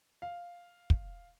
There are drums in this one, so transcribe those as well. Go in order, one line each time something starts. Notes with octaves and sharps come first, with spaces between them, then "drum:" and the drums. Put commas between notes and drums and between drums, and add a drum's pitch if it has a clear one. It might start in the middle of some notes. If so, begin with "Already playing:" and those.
F5
drum: kick